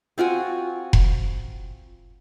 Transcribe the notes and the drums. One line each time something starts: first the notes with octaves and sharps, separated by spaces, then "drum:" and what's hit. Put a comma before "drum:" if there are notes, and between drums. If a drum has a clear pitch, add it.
C4 F4 F#4 G#5
drum: kick F1